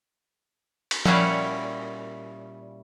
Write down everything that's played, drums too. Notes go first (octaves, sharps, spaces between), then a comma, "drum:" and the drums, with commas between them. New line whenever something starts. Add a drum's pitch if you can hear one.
drum: cymbal
A#2 G3 C#4 E4 F5 F#5, drum: tom F3